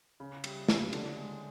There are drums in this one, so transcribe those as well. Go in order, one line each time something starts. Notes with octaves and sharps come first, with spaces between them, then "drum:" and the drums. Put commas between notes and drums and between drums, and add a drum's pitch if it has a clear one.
C#3
G3, drum: cymbal
C#3, drum: snare
D3, drum: cymbal
G#3